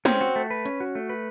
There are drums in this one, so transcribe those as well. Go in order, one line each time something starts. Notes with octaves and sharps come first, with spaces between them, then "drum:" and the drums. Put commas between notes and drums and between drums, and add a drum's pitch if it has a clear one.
C4 C#4, drum: snare
F#4
A3
B4
C#4, drum: hi-hat
F#4
A3
B4